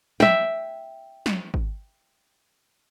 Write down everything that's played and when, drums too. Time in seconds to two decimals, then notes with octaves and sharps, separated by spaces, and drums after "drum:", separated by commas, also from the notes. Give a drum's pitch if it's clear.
0.20 E5 G5, drum: snare
1.26 drum: snare
1.54 drum: kick G#1